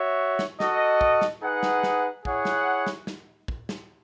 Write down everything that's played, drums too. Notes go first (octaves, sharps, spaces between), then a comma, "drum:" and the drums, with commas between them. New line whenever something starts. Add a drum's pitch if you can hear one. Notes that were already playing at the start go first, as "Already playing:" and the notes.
Already playing: F#4 C#5 E5
drum: snare
F#4 A4 D#5, drum: snare
drum: kick
drum: snare
D#4 G#4 B4 F#5
drum: snare
drum: snare
E4 G#4 C#5 F#5, drum: kick
drum: snare
drum: snare
drum: snare
drum: kick
drum: snare